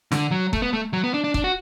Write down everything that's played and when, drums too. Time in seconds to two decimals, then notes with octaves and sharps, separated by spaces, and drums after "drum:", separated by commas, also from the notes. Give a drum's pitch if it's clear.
0.12 D3, drum: snare
0.31 F#3
0.53 A3, drum: kick
0.62 B3
0.73 A3
0.93 F#3
1.04 B3
1.14 D4
1.24 D4
1.34 D4, drum: kick
1.44 F#4